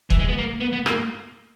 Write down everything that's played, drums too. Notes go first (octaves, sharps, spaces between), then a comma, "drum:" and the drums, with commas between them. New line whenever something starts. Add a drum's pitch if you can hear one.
E3, drum: kick
G#3
B3
A#3
B3
B3
A#3, drum: rim click